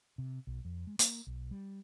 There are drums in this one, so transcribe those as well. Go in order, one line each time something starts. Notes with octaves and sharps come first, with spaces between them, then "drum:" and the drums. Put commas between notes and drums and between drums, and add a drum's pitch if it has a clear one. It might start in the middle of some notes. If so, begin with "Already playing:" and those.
C3
B1
F2
G#3
A#3, drum: hi-hat
B1
G3